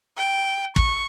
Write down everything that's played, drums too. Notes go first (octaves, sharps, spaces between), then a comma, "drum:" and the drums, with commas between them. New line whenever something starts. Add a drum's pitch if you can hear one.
G5
C#6, drum: kick